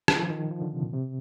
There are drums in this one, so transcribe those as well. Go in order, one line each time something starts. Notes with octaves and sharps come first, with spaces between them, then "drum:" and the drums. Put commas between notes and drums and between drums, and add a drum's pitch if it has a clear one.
D#3, drum: rim click
F3
D#3
F3
D3
C3
A#2
C3